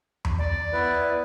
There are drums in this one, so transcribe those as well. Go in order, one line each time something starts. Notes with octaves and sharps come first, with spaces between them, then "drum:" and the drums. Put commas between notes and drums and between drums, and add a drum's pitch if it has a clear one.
drum: tom E2
D5
B3 E4 B4